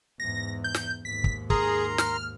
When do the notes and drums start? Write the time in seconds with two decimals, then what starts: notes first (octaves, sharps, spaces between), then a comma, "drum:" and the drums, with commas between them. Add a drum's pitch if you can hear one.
0.20 E2 G#2 A#6
0.64 G6
0.74 drum: snare
1.05 D#2 G#2 B6
1.24 drum: kick
1.50 G#4 A#4 A#5 C6, drum: kick
1.98 F6, drum: snare